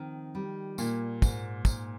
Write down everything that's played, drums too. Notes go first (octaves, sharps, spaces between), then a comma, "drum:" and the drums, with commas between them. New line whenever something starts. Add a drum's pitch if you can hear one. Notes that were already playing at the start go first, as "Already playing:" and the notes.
Already playing: D#3 F3 C4
G3
A#2 A#3, drum: tambourine
G#2, drum: kick, tambourine
G#2, drum: kick, tambourine